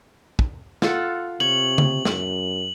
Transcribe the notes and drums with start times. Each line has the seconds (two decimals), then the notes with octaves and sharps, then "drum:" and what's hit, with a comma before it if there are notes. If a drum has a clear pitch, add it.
0.39 drum: kick
0.82 F4 A4 F#5, drum: snare
1.40 C3 C#5 F#7
1.78 drum: tom C#3
2.05 F#2, drum: snare